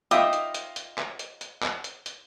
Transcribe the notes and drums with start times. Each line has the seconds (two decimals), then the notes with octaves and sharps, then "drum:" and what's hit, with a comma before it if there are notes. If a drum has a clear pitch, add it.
0.11 D#4 F4 E5 G5 D#6, drum: hi-hat
0.33 drum: hi-hat
0.54 drum: hi-hat
0.76 drum: hi-hat
0.98 drum: clap
1.19 drum: hi-hat
1.41 drum: hi-hat
1.63 drum: clap
1.84 drum: hi-hat
2.06 drum: hi-hat